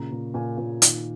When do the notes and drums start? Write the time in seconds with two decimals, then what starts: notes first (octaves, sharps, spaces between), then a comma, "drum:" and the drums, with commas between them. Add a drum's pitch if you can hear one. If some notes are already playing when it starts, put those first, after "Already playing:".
Already playing: A#2 C#3 A#5
0.12 A#2
0.34 A#2 G#5
0.58 A#2
0.82 D#3, drum: hi-hat